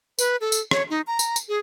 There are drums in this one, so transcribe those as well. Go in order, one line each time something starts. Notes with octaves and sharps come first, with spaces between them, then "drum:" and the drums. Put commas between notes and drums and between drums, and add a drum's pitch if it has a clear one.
B4, drum: tambourine
A4
drum: tambourine
C#5, drum: rim click
D#4
A#5
drum: tambourine
drum: tambourine
G#4